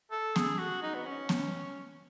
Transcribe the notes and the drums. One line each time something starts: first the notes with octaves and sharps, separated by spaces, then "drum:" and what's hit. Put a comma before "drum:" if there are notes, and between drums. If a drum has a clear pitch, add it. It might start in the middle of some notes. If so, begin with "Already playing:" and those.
A4
G#4, drum: snare B3
F#4
D#4
B3
C#4
drum: snare B3